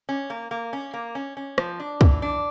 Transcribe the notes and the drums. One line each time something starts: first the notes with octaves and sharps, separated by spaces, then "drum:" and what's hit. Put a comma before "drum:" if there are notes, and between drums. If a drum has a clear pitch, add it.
C#4
A#3
A#3
C#4
A#3
C#4
C#4
F3, drum: rim click
D4
E3, drum: kick
D4